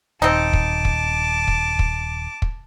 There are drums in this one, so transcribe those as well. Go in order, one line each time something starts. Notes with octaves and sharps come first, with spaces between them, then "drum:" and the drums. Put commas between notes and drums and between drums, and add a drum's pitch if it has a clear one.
D#1 C4 D#4 A5 D6
drum: kick
drum: kick
drum: kick
drum: kick
drum: kick